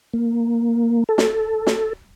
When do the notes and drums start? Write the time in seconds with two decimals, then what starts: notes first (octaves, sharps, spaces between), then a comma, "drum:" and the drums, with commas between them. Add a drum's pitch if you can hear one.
0.13 A#3
1.09 A4
1.18 drum: snare
1.67 drum: snare